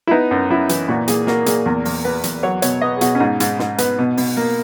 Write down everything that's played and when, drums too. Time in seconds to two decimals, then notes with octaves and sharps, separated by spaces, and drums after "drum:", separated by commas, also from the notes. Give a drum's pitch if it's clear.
0.07 E4
0.11 B3 D#4
0.31 F#2
0.50 F#2 E4
0.69 E3, drum: hi-hat
0.88 A#2 F#4
1.08 A#2 G#4, drum: hi-hat
1.27 A#3 F#4, drum: snare
1.46 A#2 G#4, drum: hi-hat
1.66 E2 A#4
1.85 E2, drum: open hi-hat
2.05 B3 B4
2.24 E2, drum: hi-hat
2.43 F#3 C#5
2.62 B2 C#5, drum: hi-hat
2.82 B3 D#5
2.97 G#4
3.01 B2 F#4, drum: hi-hat
3.15 C#4
3.20 G#2 D#4
3.40 G#2, drum: hi-hat
3.59 G#2, drum: snare
3.78 B3, drum: hi-hat
3.99 B2
4.17 B2, drum: open hi-hat
4.37 A#3